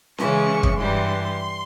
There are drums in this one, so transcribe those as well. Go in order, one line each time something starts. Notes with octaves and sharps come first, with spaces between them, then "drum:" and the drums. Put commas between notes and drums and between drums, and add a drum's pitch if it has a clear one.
C#3 E3 G#3 C#4 C#6, drum: snare C#4
drum: kick
G2 E3 G3 C6